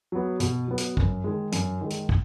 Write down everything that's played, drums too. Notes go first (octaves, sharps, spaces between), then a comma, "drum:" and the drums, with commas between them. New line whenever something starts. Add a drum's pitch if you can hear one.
F#3 B3
B2, drum: hi-hat
F#3 B3
drum: hi-hat
F#2, drum: kick
D#3 G#3
F#2, drum: hi-hat
D#3 G#3
drum: hi-hat
drum: kick